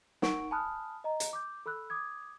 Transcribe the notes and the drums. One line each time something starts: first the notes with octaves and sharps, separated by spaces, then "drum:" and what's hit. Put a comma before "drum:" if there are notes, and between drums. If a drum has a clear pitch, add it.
D#4 A#4 F#5 C#6 D7, drum: snare
G#5 A5 B5 D#6 F6 F#6
D#5 A#5
drum: hi-hat
D6 G6
A4 B5 E6 F#6
D6 D#6 G#6